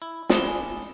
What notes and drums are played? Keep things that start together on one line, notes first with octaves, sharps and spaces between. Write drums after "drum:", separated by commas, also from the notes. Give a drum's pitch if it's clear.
E4
D4 E4 F4 D#6 E7 G7, drum: snare
G#5